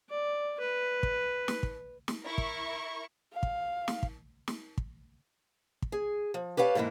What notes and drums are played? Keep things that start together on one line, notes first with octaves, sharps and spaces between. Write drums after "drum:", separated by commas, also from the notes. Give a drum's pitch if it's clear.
D5
B4
drum: kick
drum: snare
drum: kick
drum: snare
E4 A#4 C#6
drum: kick
F5
drum: kick
drum: snare
drum: kick
drum: snare
drum: kick
drum: kick
G#4
F3
G4 B4 C#5 F5 A5
G#2 D3 E3 A#3 E4